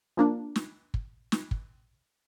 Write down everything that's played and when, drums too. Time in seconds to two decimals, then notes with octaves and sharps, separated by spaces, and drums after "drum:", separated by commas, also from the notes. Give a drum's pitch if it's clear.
0.17 F3 A#3 D4
0.56 drum: snare
0.94 drum: kick
1.32 drum: snare
1.51 drum: kick